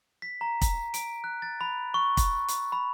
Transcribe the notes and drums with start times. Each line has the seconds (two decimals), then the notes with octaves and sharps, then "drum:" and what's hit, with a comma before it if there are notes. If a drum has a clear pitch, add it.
0.22 B6
0.41 A#5
0.61 drum: kick, hi-hat
0.94 D7, drum: hi-hat
1.24 F#6
1.42 A6
1.61 B5
1.94 C#6
2.17 drum: kick, hi-hat
2.48 drum: hi-hat
2.72 B5